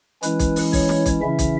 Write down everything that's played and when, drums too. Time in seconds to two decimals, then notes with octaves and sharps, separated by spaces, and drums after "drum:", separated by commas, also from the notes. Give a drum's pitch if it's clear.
0.23 E3 G#3 C#4 E4 B4, drum: hi-hat
0.39 drum: kick, hi-hat
0.56 drum: open hi-hat
0.73 C#5, drum: kick, open hi-hat
0.89 drum: snare
1.06 drum: kick, hi-hat
1.22 C#3 E3 C#4 E4 E5
1.39 drum: kick, hi-hat